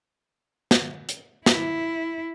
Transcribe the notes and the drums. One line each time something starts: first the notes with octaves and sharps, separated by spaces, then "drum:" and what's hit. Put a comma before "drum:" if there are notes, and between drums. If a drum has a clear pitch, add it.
drum: snare
drum: hi-hat
E4, drum: snare